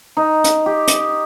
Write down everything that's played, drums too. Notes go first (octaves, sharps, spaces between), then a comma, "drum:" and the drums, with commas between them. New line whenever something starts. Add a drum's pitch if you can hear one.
D#4
drum: hi-hat
G4
drum: hi-hat